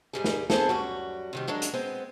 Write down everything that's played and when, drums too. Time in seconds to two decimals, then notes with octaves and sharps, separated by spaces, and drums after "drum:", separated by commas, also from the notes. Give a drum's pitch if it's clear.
0.13 G#2 G3 G#4
0.24 drum: snare
0.50 B3 C4 G#4 A4, drum: snare
0.69 F#2 G3 F#4
1.33 C3 D#3 G3
1.47 F#3 G#3 D4 A#4
1.62 drum: hi-hat
1.74 G#3 B3 C4